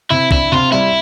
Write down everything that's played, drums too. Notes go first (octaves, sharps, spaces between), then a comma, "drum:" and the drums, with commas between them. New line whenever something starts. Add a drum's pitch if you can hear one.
C3 E4
D4 E4, drum: kick
C3 F4
G3 E4